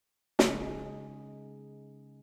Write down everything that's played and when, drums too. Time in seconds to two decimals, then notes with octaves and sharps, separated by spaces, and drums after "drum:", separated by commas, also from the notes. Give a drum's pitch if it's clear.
0.39 C#3 G#3 D#4 G#4, drum: snare